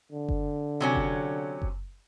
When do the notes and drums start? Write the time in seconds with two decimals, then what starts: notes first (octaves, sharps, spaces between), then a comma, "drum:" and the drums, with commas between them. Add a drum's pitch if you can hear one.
0.12 D3
0.29 drum: kick F#1
0.80 C3 F#3 C#4
0.95 drum: kick F#1
1.62 drum: kick F#1